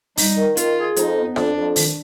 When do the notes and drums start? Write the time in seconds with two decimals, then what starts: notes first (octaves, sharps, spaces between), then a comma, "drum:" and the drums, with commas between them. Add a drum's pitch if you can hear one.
0.17 G3 D#4, drum: open hi-hat
0.38 D#3
0.57 D#3 F4, drum: hi-hat
0.77 G#4
0.96 F2 D#4, drum: hi-hat
1.16 B3
1.36 F2 D4, drum: rim click
1.56 F2
1.76 D#3, drum: open hi-hat